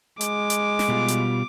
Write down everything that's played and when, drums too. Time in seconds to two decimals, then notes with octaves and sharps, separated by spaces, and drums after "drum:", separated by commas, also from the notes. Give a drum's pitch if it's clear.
0.21 G#3 D6, drum: hi-hat
0.50 drum: hi-hat
0.79 drum: snare
0.88 B2 G3 F4
1.08 drum: hi-hat